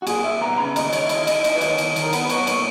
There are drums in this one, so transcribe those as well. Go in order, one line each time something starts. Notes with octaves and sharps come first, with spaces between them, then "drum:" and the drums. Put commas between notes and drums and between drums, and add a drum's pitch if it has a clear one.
F#4
A#2 G#4, drum: cymbal
A#2 E5
B3 A#5
C#3 B5
D#2 D#5, drum: cymbal
D#5
D#2 C#5, drum: cymbal
E5
E4 D#5, drum: cymbal
E4 D#5, drum: cymbal
E4 D#5, drum: cymbal
B4
D#3 C#5, drum: cymbal
D#3, drum: cymbal
D#3, drum: cymbal
A#4
B3 B4, drum: cymbal
B4
B3 C#5, drum: cymbal
A#2 C#5, drum: cymbal